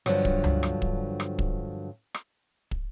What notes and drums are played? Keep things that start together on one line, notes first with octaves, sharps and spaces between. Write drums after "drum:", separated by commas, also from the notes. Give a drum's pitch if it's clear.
G2 D3 F3 F#3, drum: rim click
drum: kick
drum: tom C#2
drum: rim click
drum: kick
drum: rim click
drum: kick
drum: rim click
drum: kick